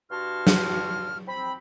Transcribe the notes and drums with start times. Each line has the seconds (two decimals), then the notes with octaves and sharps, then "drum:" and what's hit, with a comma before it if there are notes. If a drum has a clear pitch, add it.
0.10 G2 F#4 A5 C6 F6
0.47 drum: snare
1.27 C4 B5